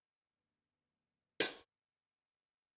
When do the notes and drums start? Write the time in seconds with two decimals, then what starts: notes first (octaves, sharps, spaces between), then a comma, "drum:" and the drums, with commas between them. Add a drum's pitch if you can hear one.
0.23 F#1 D#2 B2 D3 A3 B3
1.40 drum: hi-hat